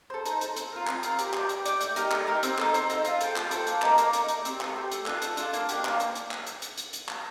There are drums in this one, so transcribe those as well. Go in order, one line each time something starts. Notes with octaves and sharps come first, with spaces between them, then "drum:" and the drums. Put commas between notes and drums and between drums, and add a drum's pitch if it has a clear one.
A4 C5
D#4, drum: hi-hat
A4 C5, drum: hi-hat
C4, drum: hi-hat
F4 A#4
C4, drum: clap
F4 A#4, drum: hi-hat
G4, drum: hi-hat
D5 G5, drum: clap
G4, drum: hi-hat
D5 G5, drum: hi-hat
A3, drum: hi-hat
D#4 G4 A#4, drum: hi-hat
A3, drum: clap
D#4 G4 A#4
C4, drum: hi-hat
D#4 A4, drum: clap
C4, drum: hi-hat
D#4 A4, drum: hi-hat
F4, drum: hi-hat
A4 C5 G5, drum: hi-hat
F4, drum: clap
A4 C5 G5, drum: hi-hat
A#3, drum: hi-hat
D#4 A#4 D5, drum: clap
A#3, drum: hi-hat
D#4 A#4 D5, drum: hi-hat
A3, drum: hi-hat
C4 G4, drum: hi-hat
A3, drum: clap
C4 G4
A3, drum: hi-hat
D4 F4 A4, drum: clap
A3, drum: hi-hat
D4 F4 A4, drum: hi-hat
A#3, drum: hi-hat
D4 G4, drum: hi-hat
A#3, drum: clap
drum: hi-hat
drum: hi-hat
drum: clap
drum: hi-hat
drum: hi-hat
drum: hi-hat
drum: hi-hat
drum: clap